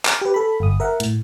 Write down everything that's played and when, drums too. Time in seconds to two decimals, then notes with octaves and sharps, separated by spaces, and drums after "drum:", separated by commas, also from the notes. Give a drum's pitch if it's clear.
0.05 drum: clap
0.21 G4 B4
0.34 A4 B5
0.60 G1 D#6
0.80 A#4 E5 F#5
1.00 A2, drum: hi-hat